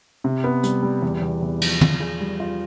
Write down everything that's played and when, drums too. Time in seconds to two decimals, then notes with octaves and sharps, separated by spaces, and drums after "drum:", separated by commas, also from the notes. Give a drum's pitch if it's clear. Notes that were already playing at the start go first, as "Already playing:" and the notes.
0.24 C3
0.44 B3
0.63 G3, drum: hi-hat
0.83 G3
1.02 E2
1.22 E2
1.42 E2
1.62 F3, drum: cymbal
1.81 F4, drum: tom
2.00 G#4
2.20 G3
2.40 F4